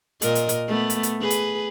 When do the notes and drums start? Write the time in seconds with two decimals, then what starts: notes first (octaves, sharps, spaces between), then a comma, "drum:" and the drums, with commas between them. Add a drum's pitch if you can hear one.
0.22 A#2 A#4 D#5, drum: hi-hat
0.35 drum: hi-hat
0.49 drum: hi-hat
0.68 A3 B3
0.90 drum: hi-hat
1.03 drum: hi-hat
1.21 G#4 B4
1.30 drum: hi-hat